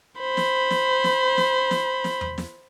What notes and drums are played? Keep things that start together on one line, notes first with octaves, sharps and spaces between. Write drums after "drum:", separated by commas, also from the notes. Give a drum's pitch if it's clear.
C5 B5
drum: snare
drum: snare
drum: snare
drum: snare
drum: snare
drum: snare
drum: tom E2
drum: snare